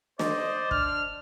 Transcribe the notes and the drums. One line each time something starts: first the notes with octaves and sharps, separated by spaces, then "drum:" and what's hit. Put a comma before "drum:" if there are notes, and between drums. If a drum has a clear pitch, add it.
C5 D5 D#5, drum: snare
D4 F6, drum: kick